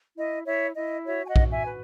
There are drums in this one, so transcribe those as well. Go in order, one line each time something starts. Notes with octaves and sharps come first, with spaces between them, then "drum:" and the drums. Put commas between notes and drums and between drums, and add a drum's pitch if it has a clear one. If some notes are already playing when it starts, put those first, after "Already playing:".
E4 D#5
E4 C#5 E5
E4 D#5
F#4 C#5 E5
G#5
D#5 F#5
F#4, drum: kick
E5 G#5
B4